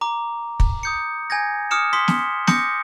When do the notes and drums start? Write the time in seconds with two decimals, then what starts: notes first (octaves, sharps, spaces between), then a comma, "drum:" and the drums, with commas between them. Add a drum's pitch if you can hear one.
0.01 A#5 D6
0.60 drum: kick
0.83 D#6 G6 C#7
1.30 G#5 G6 G#6 A#6
1.71 D6 D#6 F6 C#7 E7
1.93 C6 D#6 B6 G7
2.08 drum: snare
2.47 D6 D#6 G6 A#6 C#7, drum: snare